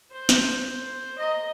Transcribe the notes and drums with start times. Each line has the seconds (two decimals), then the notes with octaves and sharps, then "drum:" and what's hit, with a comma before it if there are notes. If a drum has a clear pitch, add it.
0.12 C5
0.29 drum: snare
1.18 D#5 A#5